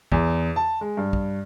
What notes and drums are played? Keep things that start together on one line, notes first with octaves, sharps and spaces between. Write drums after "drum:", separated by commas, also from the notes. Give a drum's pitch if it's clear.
E2, drum: kick
A5
G#3
G2
drum: kick